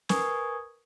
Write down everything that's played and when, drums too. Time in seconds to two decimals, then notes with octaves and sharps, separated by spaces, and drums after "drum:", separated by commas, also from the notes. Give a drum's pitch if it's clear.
0.09 A#4 B4 G#5 C#6 D#6 G#6, drum: snare